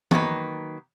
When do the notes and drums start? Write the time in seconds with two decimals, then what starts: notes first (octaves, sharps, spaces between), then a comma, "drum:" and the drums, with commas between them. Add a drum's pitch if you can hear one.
0.11 D#3 F#3 A#3 B4, drum: tom